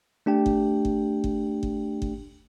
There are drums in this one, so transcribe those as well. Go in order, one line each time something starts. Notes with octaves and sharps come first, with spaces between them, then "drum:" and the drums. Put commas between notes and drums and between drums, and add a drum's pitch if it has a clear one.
A3 D4 G4 G5
drum: kick G1
drum: kick G1
drum: kick G1
drum: kick G1
drum: kick G1